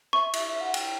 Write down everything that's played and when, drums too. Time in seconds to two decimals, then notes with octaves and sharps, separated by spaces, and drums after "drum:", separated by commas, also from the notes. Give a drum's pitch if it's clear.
0.13 E5 C#6
0.33 E5, drum: cymbal
0.48 E5
0.61 F#5
0.74 G5, drum: cymbal